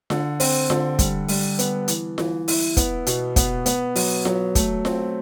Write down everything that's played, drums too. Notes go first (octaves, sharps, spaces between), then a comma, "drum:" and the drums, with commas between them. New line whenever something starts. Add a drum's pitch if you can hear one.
D3, drum: snare F4
C4, drum: open hi-hat
D3, drum: snare F4
G3, drum: kick, hi-hat
G3, drum: open hi-hat
B3, drum: hi-hat
E3, drum: hi-hat
E3, drum: snare F4
E4, drum: open hi-hat
B3, drum: kick, hi-hat
B2, drum: hi-hat
B3, drum: kick, hi-hat
B3, drum: hi-hat
F#3, drum: open hi-hat
F#3, drum: snare F4
A3, drum: kick, hi-hat
C4, drum: snare F4